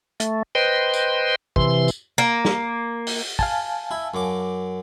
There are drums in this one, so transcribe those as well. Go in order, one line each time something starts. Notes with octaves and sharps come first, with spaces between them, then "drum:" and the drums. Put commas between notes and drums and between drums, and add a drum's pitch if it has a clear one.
A3, drum: hi-hat
B4 C5 D#5 G5 C6
drum: tambourine
C3 E3 C6, drum: kick
drum: tambourine
A#3
drum: snare
drum: open hi-hat
F5 G#5 A5, drum: kick
E4
F#2 D6